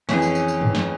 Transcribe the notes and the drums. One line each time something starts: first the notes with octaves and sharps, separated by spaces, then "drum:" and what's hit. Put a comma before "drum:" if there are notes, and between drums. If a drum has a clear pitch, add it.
F2 E3 C#4 G#4, drum: snare
drum: tambourine
drum: tambourine
drum: tambourine
drum: tom G2
drum: snare